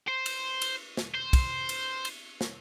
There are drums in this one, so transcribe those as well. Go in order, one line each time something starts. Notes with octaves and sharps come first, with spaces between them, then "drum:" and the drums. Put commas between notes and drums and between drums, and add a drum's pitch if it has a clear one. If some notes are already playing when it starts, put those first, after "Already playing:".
C5
drum: cymbal
drum: cymbal
drum: snare
C5
drum: kick, cymbal
drum: cymbal
drum: cymbal
drum: snare